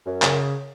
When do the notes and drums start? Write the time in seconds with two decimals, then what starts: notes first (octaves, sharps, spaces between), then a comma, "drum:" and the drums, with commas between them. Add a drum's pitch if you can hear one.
0.06 F#2
0.22 C#3, drum: clap